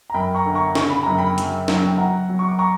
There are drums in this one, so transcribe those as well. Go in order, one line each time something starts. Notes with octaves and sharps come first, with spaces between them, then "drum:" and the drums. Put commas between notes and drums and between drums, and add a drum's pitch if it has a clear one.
A#5
F#2 G5 B5
A#5 C#6
D3
A#5 C#6
C#3 C#6, drum: snare
B5
F#2 A#5
G5 B5
F#3, drum: hi-hat
F#3, drum: snare
G5
F#3 F#5 A#5
F#3
C#6
D6
A#5 C#6